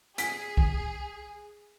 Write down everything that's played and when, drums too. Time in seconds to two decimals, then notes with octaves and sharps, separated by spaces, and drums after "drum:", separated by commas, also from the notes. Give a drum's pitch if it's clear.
0.18 G#4 B6, drum: hi-hat
0.57 drum: kick